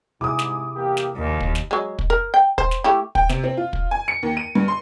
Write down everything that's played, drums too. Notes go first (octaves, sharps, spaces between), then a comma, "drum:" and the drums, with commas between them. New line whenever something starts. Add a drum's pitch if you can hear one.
G#2 C3 E4 G#4 D6 D#6
drum: snare
E2 A#3 G4
drum: snare
D#2 A#2 D#3 A#3
drum: kick
drum: snare
F#3 G#3
drum: kick
A#4
G5
C5, drum: kick
drum: snare
A3 E4 G4
G5, drum: kick
C3, drum: snare
C4
F4
drum: kick
G#5
C#7
D#2
D#7
G2
C6